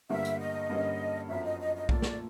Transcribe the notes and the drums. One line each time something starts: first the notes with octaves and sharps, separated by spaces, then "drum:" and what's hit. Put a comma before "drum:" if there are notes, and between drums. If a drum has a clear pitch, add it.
G1 G2 D3 G3 A#3 E5
drum: hi-hat
D#5
G2 D3 G3 A#3 C#4
G1 F#2 D3 F3 E5
D#5
D#5
D#5
A#2 F3 A3 D5, drum: kick B1
drum: snare